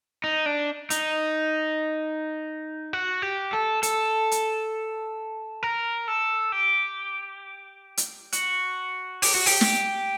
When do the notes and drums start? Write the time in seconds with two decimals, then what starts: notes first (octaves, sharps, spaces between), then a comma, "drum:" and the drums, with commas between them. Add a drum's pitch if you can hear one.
0.24 D#4
0.46 D4
0.90 D#4, drum: hi-hat
2.93 F#4
3.22 G4
3.53 A4
3.83 A4, drum: hi-hat
4.31 drum: hi-hat
5.63 A#4
6.08 A4
6.52 G4
7.97 drum: hi-hat
8.32 F#4, drum: hi-hat
9.22 G4, drum: open hi-hat
9.35 F#4
9.46 G4, drum: open hi-hat
9.61 drum: snare